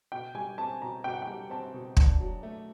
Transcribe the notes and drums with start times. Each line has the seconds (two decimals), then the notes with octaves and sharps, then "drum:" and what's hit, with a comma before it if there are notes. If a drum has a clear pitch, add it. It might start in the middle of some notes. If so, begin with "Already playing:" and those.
0.12 B2 G5
0.35 G3 G#5
0.58 C4 A5
0.82 B2 A#5
1.04 B2 G5
1.13 F#5
1.22 G5
1.27 G3
1.50 C4 A5
1.73 B2
1.97 D4, drum: kick
2.20 F#3
2.43 A3